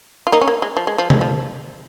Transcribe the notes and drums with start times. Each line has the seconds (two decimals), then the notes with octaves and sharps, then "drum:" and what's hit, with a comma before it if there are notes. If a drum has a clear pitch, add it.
0.27 F4
0.32 A#3 D#4
0.41 C#4
0.48 A#3
0.62 G#3
0.77 F3
0.87 G#3
0.98 F3
1.10 G#3, drum: tom
1.21 F3